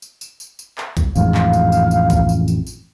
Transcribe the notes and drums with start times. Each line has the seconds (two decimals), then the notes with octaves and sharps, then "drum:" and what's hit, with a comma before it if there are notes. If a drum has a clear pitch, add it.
0.02 drum: tambourine
0.21 drum: tambourine
0.40 drum: tambourine
0.59 drum: tambourine
0.78 drum: clap
0.97 drum: kick B1, tambourine
1.16 A1 F2 G#2 F5, drum: tambourine
1.34 drum: clap
1.53 drum: tambourine
1.72 drum: tambourine
1.91 drum: tambourine
2.10 drum: kick B1, tambourine
2.29 drum: tambourine
2.48 drum: tambourine
2.67 drum: tambourine